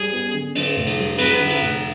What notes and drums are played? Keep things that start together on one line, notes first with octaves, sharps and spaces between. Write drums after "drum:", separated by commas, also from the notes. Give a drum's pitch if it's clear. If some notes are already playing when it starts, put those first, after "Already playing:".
Already playing: G3 G#4
B3
D3
D3, drum: cymbal
F1
drum: cymbal
G3
F2 B4, drum: cymbal
D3
drum: cymbal
F1